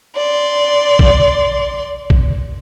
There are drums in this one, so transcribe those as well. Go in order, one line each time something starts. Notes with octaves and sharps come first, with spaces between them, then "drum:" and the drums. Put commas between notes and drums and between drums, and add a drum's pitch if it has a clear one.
D5 C6
drum: kick A#1
drum: kick A#1